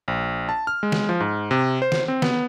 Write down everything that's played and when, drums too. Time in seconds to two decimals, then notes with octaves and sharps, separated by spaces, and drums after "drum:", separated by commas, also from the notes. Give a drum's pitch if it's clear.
0.08 A#1
0.49 A5
0.67 F6
0.83 G#3
0.92 drum: snare
1.09 F3
1.20 G#2
1.51 C3
1.82 C5
1.92 drum: snare
2.08 C4
2.22 B3, drum: snare